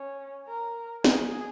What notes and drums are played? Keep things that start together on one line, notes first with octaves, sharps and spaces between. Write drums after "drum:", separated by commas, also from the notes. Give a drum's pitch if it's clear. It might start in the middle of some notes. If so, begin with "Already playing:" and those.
Already playing: C#4
A#4
G#4, drum: snare